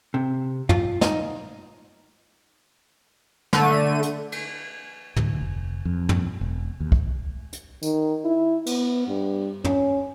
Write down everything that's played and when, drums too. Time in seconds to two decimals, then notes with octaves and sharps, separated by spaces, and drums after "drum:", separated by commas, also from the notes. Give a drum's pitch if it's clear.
0.14 C3
0.69 F4, drum: tom
1.01 D#4, drum: snare
3.53 D3 A3 D#7, drum: snare
4.03 drum: hi-hat
4.32 drum: cymbal
5.16 D2, drum: tom A2
5.40 F1
5.85 F2
6.09 drum: tom
6.41 E1
6.80 D#2
6.92 drum: kick
7.53 drum: hi-hat
7.83 D#3, drum: tambourine
8.25 E4
8.66 B3, drum: cymbal
9.08 G2
9.64 C#4, drum: tom